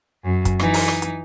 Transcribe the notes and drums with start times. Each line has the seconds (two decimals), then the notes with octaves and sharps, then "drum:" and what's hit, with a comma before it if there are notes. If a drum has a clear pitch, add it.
0.24 F#2
0.45 drum: kick, hi-hat
0.59 E3 D#4, drum: rim click
0.74 drum: open hi-hat
0.88 drum: rim click
1.02 drum: hi-hat